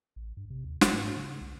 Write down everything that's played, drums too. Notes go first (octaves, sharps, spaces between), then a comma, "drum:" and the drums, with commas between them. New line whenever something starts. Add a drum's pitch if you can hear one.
A1
G2
C3
D#2
G1, drum: snare
G#2
C#3
C2